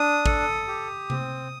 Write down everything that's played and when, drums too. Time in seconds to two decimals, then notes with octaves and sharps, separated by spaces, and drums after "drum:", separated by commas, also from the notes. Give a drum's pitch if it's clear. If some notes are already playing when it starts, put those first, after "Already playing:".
Already playing: D4 D#6
0.26 A4, drum: kick
0.68 G4
1.10 C4, drum: tom C3